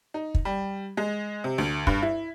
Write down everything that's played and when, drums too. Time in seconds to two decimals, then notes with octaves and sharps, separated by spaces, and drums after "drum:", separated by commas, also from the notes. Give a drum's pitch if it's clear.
0.14 D#4
0.35 drum: kick
0.45 G3
0.97 G#3
1.44 C3
1.58 D2
1.87 G2, drum: kick
2.02 E4